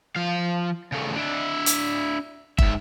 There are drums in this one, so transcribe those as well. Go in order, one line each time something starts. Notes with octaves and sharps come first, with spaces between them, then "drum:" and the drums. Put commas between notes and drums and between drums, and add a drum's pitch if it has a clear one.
F3 F5
C#3 A3
D4 E4
drum: hi-hat
G#2 E5, drum: kick